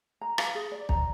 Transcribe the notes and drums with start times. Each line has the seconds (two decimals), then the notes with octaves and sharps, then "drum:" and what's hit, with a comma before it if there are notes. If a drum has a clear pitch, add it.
0.21 A#5
0.38 F5, drum: rim click
0.55 G#4
0.72 D5
0.89 A#5, drum: kick